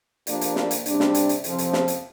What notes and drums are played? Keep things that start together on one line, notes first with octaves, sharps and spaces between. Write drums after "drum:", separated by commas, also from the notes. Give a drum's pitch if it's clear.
F3 A#3 D4 G4 D5, drum: hi-hat
drum: hi-hat
drum: snare
drum: hi-hat
C3 G3 D4, drum: hi-hat
drum: snare
drum: hi-hat
drum: hi-hat
F2 C3 F3 C4, drum: hi-hat
drum: hi-hat
drum: snare
drum: hi-hat